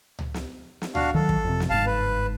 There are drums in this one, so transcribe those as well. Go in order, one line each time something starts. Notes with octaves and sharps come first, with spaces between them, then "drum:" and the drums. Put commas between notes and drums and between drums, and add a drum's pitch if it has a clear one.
drum: tom C#2
drum: snare
drum: snare
D4 F#4 F5, drum: tom C#2
D#3 F#3 A4
drum: kick
F2 C3
drum: snare
G1 G#2 F5 A5
B4